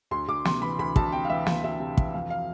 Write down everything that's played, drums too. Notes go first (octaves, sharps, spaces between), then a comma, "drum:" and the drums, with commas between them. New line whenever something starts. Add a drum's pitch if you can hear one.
D2 C6
D2 D6
C3 C6, drum: snare
E3 B5
D2 B5
D2 A5, drum: kick
C3 G5
F5
E3 E5
D2 F5, drum: snare
D2 E5
C3
E3, drum: kick
F2 F5
F5